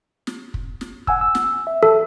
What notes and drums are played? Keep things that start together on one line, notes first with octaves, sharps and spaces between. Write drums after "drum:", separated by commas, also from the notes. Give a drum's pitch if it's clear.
drum: snare
drum: kick
drum: snare
F#5 G#5 E6, drum: kick
E6
drum: snare
E5
A4